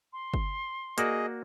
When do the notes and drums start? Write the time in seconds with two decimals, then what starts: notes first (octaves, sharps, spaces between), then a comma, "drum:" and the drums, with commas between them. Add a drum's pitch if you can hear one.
0.13 C6
0.34 drum: kick G1
0.98 A#3 F#4 G#4 D5 D#5, drum: hi-hat